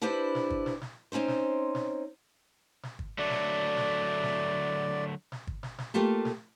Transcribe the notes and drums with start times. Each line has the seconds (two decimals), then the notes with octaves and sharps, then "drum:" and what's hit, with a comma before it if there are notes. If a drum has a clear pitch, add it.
0.02 D4 E4 G4 B4 C5 D5
0.35 drum: snare
0.50 drum: kick
0.66 drum: snare
0.81 drum: snare
1.12 C4 C#4 D#4 C5
1.28 drum: snare
1.75 drum: snare
2.83 drum: snare
2.99 drum: kick
3.18 D3 F#3 A3 D5
3.30 drum: snare
3.77 drum: snare
4.23 drum: snare
5.32 drum: snare
5.47 drum: kick
5.63 drum: snare
5.78 drum: snare
5.94 A3 A#3 F4 G4 A4
6.25 drum: snare